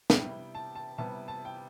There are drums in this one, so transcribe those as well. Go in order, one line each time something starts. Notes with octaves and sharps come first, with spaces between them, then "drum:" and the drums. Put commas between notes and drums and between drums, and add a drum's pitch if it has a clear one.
C3 G3 B3 E4 G5, drum: snare
A5
A5
C3 G3 B3 E4 A5
A5
G5